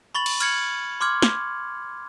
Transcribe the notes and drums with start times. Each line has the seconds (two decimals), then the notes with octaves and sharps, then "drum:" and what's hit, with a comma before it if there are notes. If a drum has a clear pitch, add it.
0.15 B5 C#6 A6 F#7
0.26 drum: cymbal
0.40 F6 G#6 C#7 F#7, drum: hi-hat
1.01 C6 D6 F6 G#6
1.22 drum: snare